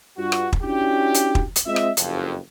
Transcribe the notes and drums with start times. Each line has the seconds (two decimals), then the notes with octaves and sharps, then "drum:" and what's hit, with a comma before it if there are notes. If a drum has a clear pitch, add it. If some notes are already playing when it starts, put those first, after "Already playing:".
0.17 G2 F4 F#4
0.32 drum: rim click
0.53 drum: kick
0.62 C#4 D4 E4 F#4 G4
1.14 drum: hi-hat
1.35 drum: kick
1.56 drum: hi-hat
1.66 G#3 C4 F4 D#5 E5
1.76 drum: rim click
1.97 F#1 F2, drum: hi-hat